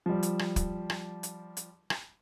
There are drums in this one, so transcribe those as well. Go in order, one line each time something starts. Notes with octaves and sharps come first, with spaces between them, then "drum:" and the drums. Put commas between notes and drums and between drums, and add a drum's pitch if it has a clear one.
F3 G3
drum: hi-hat
drum: rim click
drum: kick, hi-hat
drum: rim click
drum: hi-hat
drum: hi-hat
drum: rim click